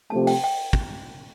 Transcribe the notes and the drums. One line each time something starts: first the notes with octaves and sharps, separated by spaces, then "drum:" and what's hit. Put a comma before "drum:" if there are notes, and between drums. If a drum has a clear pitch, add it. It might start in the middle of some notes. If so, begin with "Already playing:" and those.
C3 F3 A3 C4 G4 A5
G5, drum: open hi-hat
G5
drum: kick